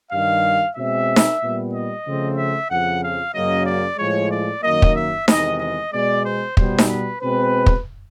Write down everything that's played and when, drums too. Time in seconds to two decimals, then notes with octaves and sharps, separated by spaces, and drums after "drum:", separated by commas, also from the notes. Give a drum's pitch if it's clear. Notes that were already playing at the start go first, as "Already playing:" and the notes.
0.11 G2 D#3 G3 F5
0.75 B2 G#3 C4 E5
1.16 drum: snare D#4
1.40 A#2 G3 B3
1.72 D#5
2.05 C#3 F3 A3 C4
2.37 E5
2.69 F2 C#3 F3 F#5
3.02 F5
3.34 F#2 C#3 F#3 A#3 D#5
3.67 D5
3.98 A2 F3 G#3 C#5
4.31 D5
4.63 F#2 D#3 F#3 A#3 D#5
4.82 drum: kick
4.95 E5
5.28 E2 C3 D#3 G#3 D#5, drum: snare D#4
5.60 D#5
5.92 B2 G#3 B3 D5
6.25 C5
6.57 B2 G3 B3 C5, drum: kick
6.78 drum: snare D#4
6.89 B4
7.21 B2 G#3 C4 B4
7.66 drum: kick